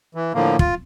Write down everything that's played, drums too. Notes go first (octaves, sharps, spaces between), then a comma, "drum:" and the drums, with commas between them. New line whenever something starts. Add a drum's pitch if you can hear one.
E3
A2 D3 F3 A#3
F4, drum: kick